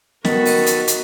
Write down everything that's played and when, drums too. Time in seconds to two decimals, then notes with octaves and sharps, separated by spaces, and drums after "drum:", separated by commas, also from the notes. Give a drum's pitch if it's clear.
0.25 D#3 B3 F#4 A4 A#4 B5, drum: snare
0.46 drum: open hi-hat
0.67 drum: hi-hat
0.88 drum: hi-hat